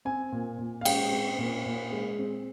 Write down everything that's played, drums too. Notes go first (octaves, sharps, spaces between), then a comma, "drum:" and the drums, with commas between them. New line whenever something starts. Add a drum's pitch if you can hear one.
C4 G#5
A#2
A#2
F5
G#3 G5, drum: cymbal
C4
A#2
A#2
G#3
C4